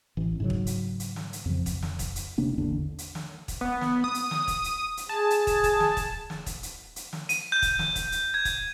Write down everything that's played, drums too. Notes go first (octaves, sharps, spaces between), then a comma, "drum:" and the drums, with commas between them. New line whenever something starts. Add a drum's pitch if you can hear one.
A1 E3
G#2 C#3 F#3
drum: kick
drum: hi-hat
drum: hi-hat
drum: snare
drum: hi-hat
F2 C#3 F3
drum: kick, hi-hat
drum: snare
drum: kick, hi-hat
drum: hi-hat
D#1 C3 A#3 D4
A1 E2 D3 D4
drum: hi-hat
drum: snare
drum: kick, hi-hat
B3
drum: snare
D#6
drum: hi-hat
drum: snare
drum: kick, hi-hat
drum: hi-hat
drum: hi-hat
G#4 A5
drum: hi-hat
drum: kick, hi-hat
drum: kick, hi-hat
drum: snare
drum: kick, hi-hat
drum: snare
drum: kick, hi-hat
drum: hi-hat
drum: hi-hat
drum: snare
D#7, drum: hi-hat
G6
drum: kick, hi-hat
drum: snare
drum: kick, hi-hat
drum: hi-hat
G#6
drum: kick, hi-hat